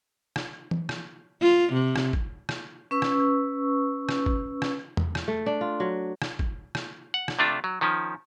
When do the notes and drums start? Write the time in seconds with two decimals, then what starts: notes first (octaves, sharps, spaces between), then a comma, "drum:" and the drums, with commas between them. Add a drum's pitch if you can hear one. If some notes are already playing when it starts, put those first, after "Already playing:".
0.36 drum: rim click
0.71 drum: tom E3
0.89 drum: rim click
1.41 F4
1.73 C3
1.96 drum: rim click
2.13 drum: kick
2.49 drum: rim click
2.91 C#4 B4 C#6 E6
3.02 drum: rim click
4.09 drum: rim click
4.26 drum: kick
4.62 drum: rim click
4.97 drum: tom E2
5.15 drum: rim click
5.28 A3
5.46 D4
5.61 F4
5.80 F#3
6.22 drum: rim click
6.39 drum: kick
6.75 drum: rim click
7.14 F#5
7.28 drum: rim click
7.39 C3 A3 D4 F4
7.64 F#3
7.81 D#3 F3 C#4